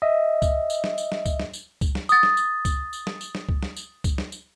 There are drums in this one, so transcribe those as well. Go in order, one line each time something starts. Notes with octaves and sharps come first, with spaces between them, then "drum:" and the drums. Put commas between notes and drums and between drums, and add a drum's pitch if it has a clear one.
D#5 E5
drum: kick C#2, tambourine
drum: tambourine
drum: snare
drum: tambourine
drum: snare
drum: kick C#2, tambourine
drum: snare
drum: tambourine
drum: kick C#2, tambourine
drum: snare
D#6 A6, drum: tambourine
drum: snare
drum: tambourine
drum: kick C#2, tambourine
drum: tambourine
drum: snare
drum: tambourine
drum: snare
drum: kick C#2
drum: snare
drum: tambourine
drum: kick C#2, tambourine
drum: snare
drum: tambourine